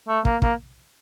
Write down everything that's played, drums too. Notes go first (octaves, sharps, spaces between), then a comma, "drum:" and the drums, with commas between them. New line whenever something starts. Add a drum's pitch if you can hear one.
A3
A#3, drum: kick
A#3, drum: kick